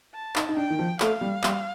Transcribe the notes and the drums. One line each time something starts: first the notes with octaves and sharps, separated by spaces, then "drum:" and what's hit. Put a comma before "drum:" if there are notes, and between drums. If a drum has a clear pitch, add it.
A5
D#4, drum: clap
D#4
D4 G5
D#3
F3
A3 F5, drum: clap
G3
G3, drum: clap